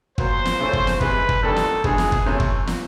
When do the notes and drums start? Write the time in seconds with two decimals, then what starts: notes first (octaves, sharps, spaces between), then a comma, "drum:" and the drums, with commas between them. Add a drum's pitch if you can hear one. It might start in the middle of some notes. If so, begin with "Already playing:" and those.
0.18 A#2 F#3 B3 C5, drum: kick
0.45 drum: snare
0.60 C#2 C#3 E3 A3 C#4
0.73 drum: kick
0.87 drum: snare
1.01 C3 E3 G#3 B4, drum: kick
1.29 drum: kick
1.43 D2 C3 D#3 G3 A4
1.56 drum: snare
1.84 G2 E3 G#3 B3 G#4, drum: kick
1.98 drum: snare
2.12 drum: kick
2.26 C3 E3 A3 C#4
2.40 drum: kick
2.67 drum: snare